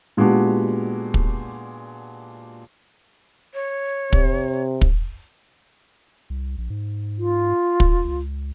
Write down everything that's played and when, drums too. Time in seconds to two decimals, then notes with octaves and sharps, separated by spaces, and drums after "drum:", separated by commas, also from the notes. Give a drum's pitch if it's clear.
0.17 A#2 G#3 B3 D4 F#4 G4
1.14 drum: kick
3.54 C#5
4.13 C3, drum: kick
4.81 drum: kick
6.30 C2
6.58 A#1
6.70 G#2
7.19 F4
7.80 drum: kick
8.04 C#2